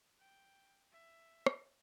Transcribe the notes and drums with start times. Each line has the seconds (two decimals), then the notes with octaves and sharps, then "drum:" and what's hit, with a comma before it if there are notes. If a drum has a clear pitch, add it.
0.20 G5
0.92 E5
1.46 drum: rim click